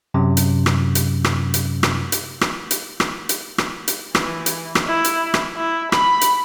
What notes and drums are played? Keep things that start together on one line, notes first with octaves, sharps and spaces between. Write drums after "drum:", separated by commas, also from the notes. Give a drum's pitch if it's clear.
F#2 C3 F#3 C#4
drum: hi-hat
drum: rim click
drum: hi-hat
drum: rim click
drum: hi-hat
drum: rim click
drum: hi-hat
drum: rim click
drum: hi-hat
drum: rim click
drum: hi-hat
drum: rim click
drum: hi-hat
E3, drum: rim click
drum: hi-hat
drum: rim click
E4
drum: hi-hat
drum: rim click
E4
B5, drum: rim click
drum: hi-hat